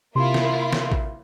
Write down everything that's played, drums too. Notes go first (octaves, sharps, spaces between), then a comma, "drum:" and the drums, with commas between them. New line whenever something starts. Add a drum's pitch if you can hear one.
C3 A#3 E4 F4 C6
drum: snare
drum: snare
drum: kick